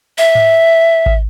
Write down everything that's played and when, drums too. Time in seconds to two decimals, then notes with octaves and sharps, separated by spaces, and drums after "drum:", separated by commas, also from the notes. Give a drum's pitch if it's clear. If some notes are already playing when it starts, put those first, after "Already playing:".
0.18 E5, drum: open hi-hat
0.35 drum: tom G#2
1.06 drum: kick G#1